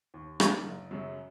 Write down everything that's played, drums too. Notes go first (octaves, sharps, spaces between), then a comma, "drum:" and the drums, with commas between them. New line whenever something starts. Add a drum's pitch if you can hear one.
D#2
D#3 A#3 D#4, drum: rim click
F#1
F#2 C#3 F#3